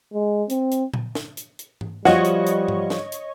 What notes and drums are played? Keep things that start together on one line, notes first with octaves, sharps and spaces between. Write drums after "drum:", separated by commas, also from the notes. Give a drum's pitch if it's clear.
G#3
C4, drum: hi-hat
drum: hi-hat
drum: tom A#2
drum: snare
drum: hi-hat
drum: hi-hat
drum: tom G#2
F3 G3 F4 F#4 C#5 D#5 C#6, drum: snare
drum: hi-hat
drum: hi-hat
drum: tom G#2
drum: snare
drum: hi-hat